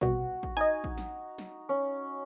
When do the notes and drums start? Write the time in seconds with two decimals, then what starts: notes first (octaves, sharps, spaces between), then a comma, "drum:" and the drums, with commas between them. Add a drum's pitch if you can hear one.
0.01 C2 B2 F#4, drum: kick A1
0.43 drum: kick A1
0.57 D#4 D#5 G#5
0.84 drum: kick A1
0.98 drum: snare
1.38 drum: snare
1.69 C#4